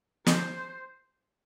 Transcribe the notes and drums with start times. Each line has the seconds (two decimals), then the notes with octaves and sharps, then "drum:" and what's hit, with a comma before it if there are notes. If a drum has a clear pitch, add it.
0.26 C5, drum: snare